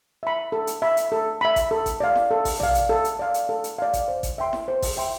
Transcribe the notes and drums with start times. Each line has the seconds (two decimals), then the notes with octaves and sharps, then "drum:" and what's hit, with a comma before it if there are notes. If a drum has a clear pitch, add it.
0.23 E5 B5
0.52 A4
0.67 drum: hi-hat
0.82 E5 B5
0.97 drum: hi-hat
1.12 A4
1.41 E5 B5
1.56 drum: kick A1, hi-hat
1.71 A4
1.86 drum: kick A1, hi-hat
2.00 D5 F5
2.15 drum: snare E4
2.31 A4
2.45 drum: kick A1, open hi-hat
2.60 D5 F5, drum: tom
2.75 drum: hi-hat
2.89 A4
3.04 drum: hi-hat
3.19 D5 F5
3.34 drum: hi-hat
3.49 A4
3.64 drum: hi-hat
3.78 D5 F5
3.93 drum: kick A1, hi-hat
4.08 C5
4.23 drum: kick A1, hi-hat
4.38 E5 G5 C6
4.53 drum: snare E4
4.68 C5
4.82 drum: kick A1, open hi-hat
4.97 E5 G5 C6